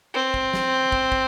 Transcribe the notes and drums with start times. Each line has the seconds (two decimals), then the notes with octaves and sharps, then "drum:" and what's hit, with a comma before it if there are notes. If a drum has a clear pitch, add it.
0.14 C4
0.34 drum: kick
0.53 drum: snare
0.92 drum: kick
1.12 drum: kick